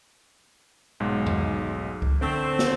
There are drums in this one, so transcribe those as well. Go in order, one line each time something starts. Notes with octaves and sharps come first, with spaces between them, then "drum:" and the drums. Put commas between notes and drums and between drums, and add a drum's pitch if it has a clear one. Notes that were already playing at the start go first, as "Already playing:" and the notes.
B1 G#2 G#3
drum: tom E2
drum: kick C#2
D3 A3 C4
drum: snare